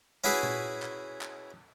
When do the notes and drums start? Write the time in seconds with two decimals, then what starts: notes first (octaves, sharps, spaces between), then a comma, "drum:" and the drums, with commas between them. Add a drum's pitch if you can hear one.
0.24 C#4 E4 F#4 G#4 B4
0.43 drum: tom A#2
0.82 drum: clap
1.21 drum: clap